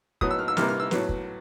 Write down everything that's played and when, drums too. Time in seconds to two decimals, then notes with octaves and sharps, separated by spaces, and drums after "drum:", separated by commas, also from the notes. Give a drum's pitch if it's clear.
0.21 A2 F#3 B3 D#6, drum: kick
0.31 E6
0.39 F6
0.48 E6
0.57 C3 E3 G3 A#3 F6, drum: snare
0.68 F6
0.80 E6
0.91 A2 F#3 B3, drum: snare
1.09 drum: kick